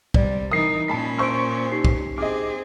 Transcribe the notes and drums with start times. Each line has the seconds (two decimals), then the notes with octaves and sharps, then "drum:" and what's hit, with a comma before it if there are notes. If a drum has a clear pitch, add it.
0.14 C3 G3 D5, drum: kick
0.51 E3 D#4 A#4 D#6 C7
0.88 A#2 C#4 A5 B5 B6
1.18 C5 C6 C#6 E6 D7
1.72 D#4 G4 C7
1.85 drum: kick
2.18 C4 G#4 D#5 D6